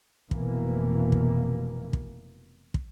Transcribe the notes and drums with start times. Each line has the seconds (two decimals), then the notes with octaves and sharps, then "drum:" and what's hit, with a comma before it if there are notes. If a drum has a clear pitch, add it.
0.31 F1 B2 E3 A#3, drum: kick
1.12 drum: kick
1.93 drum: kick
2.74 drum: kick